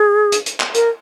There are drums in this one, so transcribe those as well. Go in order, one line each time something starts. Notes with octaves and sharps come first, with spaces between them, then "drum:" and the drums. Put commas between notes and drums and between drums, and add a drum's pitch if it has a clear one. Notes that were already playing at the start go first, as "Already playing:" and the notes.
Already playing: G#4
drum: hi-hat
drum: hi-hat
drum: clap
A#4, drum: hi-hat